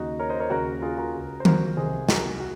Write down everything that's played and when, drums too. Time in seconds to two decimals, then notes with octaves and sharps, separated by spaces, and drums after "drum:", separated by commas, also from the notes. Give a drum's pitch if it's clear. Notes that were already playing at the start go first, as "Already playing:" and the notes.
Already playing: D#2 C#3 D#4 F#4
0.19 A#4 C#5
0.29 C5 D#5
0.40 A#4 C#5
0.50 D#2 C#3 F#4 A#4
0.82 F4 G#4
0.98 F#4 A#4
1.14 C#2 C#3
1.40 C5
1.45 F#4 A#4, drum: tom D#3
1.77 C2 C3 D#3 G#4 C5
2.09 F#4 A#4, drum: snare
2.40 F#4